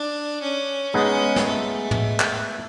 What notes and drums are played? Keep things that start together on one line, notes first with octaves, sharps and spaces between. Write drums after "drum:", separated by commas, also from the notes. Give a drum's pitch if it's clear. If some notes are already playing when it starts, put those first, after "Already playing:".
Already playing: D4
C#4
G#3 B3 C#4 D#4 G#4
drum: snare
A3
drum: tom
drum: clap